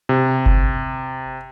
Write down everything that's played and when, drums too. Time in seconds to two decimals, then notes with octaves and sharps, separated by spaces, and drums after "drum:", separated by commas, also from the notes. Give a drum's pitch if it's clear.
0.09 C3
0.46 drum: kick G1